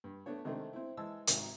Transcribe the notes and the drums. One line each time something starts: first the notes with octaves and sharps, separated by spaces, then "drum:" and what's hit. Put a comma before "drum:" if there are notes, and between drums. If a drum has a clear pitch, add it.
G2
A3 B3 D4 C#5
C3 D#3 G#3 A3 C4 D4
C4 E4
E3 G#3 A5 E6
G#1 G#2 C3 D#3 D#4 A#4, drum: hi-hat